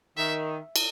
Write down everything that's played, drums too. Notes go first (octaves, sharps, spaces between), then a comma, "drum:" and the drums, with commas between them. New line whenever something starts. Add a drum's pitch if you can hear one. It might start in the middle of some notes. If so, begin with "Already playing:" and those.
D#3 E5
drum: cymbal